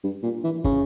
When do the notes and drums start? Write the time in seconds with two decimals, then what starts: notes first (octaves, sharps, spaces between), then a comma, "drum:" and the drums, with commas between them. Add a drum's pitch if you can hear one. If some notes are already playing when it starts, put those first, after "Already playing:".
0.04 G2
0.23 A#2
0.44 E3
0.64 C#3, drum: kick